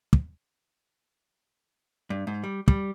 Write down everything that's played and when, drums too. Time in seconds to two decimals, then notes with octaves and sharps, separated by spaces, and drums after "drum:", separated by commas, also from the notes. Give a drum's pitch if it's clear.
0.13 drum: kick
2.10 G2
2.27 G#2
2.44 G3
2.68 G3, drum: kick